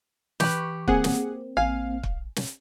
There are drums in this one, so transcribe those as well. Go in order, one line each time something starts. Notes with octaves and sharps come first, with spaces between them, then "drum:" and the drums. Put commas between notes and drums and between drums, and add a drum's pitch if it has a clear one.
E3 G4 B4 C#6, drum: snare
A#3 C4 G#4 F#5, drum: kick
drum: snare
A1 F5 G#5
drum: kick
drum: snare